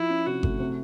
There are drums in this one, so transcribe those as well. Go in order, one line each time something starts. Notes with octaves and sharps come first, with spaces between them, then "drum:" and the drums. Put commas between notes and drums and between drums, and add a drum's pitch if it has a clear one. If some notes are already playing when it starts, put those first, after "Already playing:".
Already playing: F3 E4
C#4
C3 F#4
A3, drum: kick G1
C3